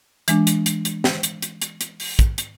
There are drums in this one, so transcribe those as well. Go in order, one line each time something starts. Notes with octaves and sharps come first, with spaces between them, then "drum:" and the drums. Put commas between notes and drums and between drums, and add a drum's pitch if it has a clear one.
E3 G#3 D4, drum: hi-hat
drum: hi-hat
drum: hi-hat
drum: hi-hat
drum: snare
drum: hi-hat
drum: hi-hat
drum: hi-hat
drum: hi-hat
drum: open hi-hat
drum: kick, hi-hat
drum: hi-hat